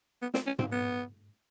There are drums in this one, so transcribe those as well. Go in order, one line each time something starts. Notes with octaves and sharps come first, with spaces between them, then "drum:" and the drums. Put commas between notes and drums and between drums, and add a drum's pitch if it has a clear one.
B3
C4, drum: snare
C#4
C4, drum: tom G#2
B3